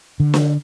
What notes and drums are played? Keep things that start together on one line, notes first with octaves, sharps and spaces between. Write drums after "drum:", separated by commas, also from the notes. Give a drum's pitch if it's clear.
D3
drum: snare